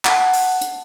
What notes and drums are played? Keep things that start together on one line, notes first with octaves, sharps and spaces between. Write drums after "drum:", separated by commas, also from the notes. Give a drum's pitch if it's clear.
F#5 A5, drum: clap
drum: open hi-hat
drum: hi-hat